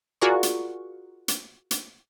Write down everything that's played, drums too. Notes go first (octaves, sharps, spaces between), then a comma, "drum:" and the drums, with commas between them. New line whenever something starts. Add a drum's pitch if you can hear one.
F4 F#4 G#4 A#4 D5 C#6
drum: hi-hat
drum: hi-hat
drum: hi-hat